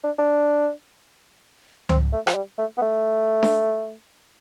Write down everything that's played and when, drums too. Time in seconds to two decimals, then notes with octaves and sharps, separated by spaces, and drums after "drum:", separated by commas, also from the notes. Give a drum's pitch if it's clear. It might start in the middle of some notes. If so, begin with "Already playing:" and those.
0.03 D4
0.19 D4
1.89 C4, drum: tom C#2
2.13 A3
2.27 F3, drum: rim click
2.35 G3
2.58 A3
2.78 B3
2.82 A3
3.43 drum: snare D4